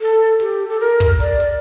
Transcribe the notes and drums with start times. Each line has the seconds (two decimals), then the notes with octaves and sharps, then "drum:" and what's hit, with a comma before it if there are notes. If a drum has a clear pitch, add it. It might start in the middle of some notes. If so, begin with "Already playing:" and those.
0.01 A4
0.40 G4, drum: hi-hat
0.69 A4
0.80 A#4
1.00 drum: kick, hi-hat
1.20 D5, drum: hi-hat
1.40 drum: hi-hat